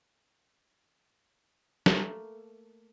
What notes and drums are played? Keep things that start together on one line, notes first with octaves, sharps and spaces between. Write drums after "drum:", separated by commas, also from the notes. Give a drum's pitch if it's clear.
A3 A#3, drum: snare